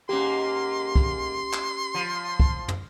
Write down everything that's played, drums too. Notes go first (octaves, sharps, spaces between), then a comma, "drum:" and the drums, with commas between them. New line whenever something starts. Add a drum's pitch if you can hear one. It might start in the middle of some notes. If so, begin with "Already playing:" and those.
G#2 A#3 C#4 G4 C6
drum: kick
drum: clap
F3
drum: kick
drum: tom